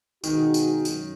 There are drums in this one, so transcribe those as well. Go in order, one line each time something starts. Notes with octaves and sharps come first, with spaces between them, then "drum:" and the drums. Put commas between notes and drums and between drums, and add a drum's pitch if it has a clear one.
B2 D#3 G#3 D#4 F#4, drum: tambourine
drum: tambourine
F#2, drum: tambourine